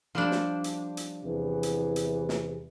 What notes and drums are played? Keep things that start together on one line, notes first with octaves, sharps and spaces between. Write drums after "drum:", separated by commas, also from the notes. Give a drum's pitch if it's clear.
F3 G3 D4
drum: snare
drum: hi-hat
drum: hi-hat
E2 C3 E3
drum: hi-hat
drum: hi-hat
drum: snare